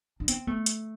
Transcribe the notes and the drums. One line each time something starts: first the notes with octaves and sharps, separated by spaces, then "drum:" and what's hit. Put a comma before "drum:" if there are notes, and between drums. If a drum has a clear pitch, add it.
D4
C4, drum: hi-hat
A3
drum: hi-hat